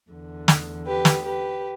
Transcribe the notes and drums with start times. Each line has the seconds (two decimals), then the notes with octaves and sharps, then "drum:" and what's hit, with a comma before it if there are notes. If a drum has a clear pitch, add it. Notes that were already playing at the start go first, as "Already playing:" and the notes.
0.10 E2 D3
0.48 drum: snare
0.86 G4 B4
1.05 drum: snare
1.24 G4 B4